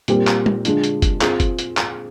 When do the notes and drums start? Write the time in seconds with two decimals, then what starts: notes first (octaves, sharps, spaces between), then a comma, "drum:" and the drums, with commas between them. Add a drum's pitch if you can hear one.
0.08 A#2 G3 C4 G4 A#4, drum: hi-hat
0.27 drum: clap
0.46 drum: tom G3
0.65 D3 G#3 D4 F4, drum: hi-hat
0.84 drum: hi-hat
1.02 drum: kick, hi-hat
1.21 C4 F4 G#4, drum: clap
1.40 drum: kick, hi-hat
1.59 drum: hi-hat
1.77 drum: clap